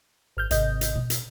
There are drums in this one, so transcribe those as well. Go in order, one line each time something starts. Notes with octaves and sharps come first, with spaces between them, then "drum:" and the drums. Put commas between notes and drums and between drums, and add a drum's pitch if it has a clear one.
G#1 F6 G6
G#1 C3 D#5 G6, drum: hi-hat
drum: hi-hat
B2
drum: hi-hat